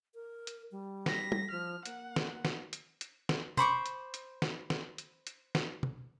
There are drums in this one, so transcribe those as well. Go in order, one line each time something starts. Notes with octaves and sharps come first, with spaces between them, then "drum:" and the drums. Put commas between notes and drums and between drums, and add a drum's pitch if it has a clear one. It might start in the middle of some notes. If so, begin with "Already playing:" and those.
A#4
drum: hi-hat
G3
A#6 B6, drum: snare
drum: tom
F3 F6
A#3 F#5, drum: hi-hat
drum: snare
drum: snare
drum: hi-hat
drum: hi-hat
drum: snare
C5 B5 C#6 D6, drum: tom
drum: hi-hat
drum: hi-hat
drum: snare
drum: snare
drum: hi-hat
drum: hi-hat
drum: snare
drum: tom